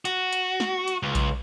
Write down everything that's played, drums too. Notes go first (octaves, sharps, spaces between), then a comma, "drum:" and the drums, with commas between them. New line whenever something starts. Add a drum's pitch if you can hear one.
F#4, drum: hi-hat
drum: hi-hat
drum: snare
drum: hi-hat
C#2
drum: kick A#1, hi-hat